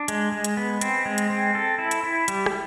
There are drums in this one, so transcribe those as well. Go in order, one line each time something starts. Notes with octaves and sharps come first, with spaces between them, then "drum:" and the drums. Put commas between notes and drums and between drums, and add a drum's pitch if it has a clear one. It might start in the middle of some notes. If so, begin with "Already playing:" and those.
Already playing: D4
G#3, drum: hi-hat
G#3
drum: hi-hat
B3
C4, drum: hi-hat
G#3
drum: hi-hat
C4
A4
E4
drum: hi-hat
E4
G3, drum: hi-hat
drum: rim click